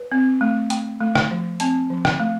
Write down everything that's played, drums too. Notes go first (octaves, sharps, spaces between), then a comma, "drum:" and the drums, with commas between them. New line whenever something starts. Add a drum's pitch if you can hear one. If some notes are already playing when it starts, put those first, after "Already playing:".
Already playing: B4
C4
A3
A3 G5, drum: hi-hat
A3
drum: rim click
F3
C4 A5, drum: hi-hat
F3
drum: rim click
A3